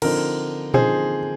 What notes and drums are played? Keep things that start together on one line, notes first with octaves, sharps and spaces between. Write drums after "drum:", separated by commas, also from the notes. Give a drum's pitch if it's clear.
D3 F3 C4 D#4 A#4, drum: cymbal
D3 F3 C4 D#4 G#4 C5, drum: tom A#2